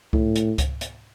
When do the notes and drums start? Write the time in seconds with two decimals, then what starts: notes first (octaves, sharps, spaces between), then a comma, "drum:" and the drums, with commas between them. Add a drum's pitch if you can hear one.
0.13 A2, drum: kick C#2
0.36 drum: hi-hat
0.58 drum: kick C#2, hi-hat
0.81 drum: hi-hat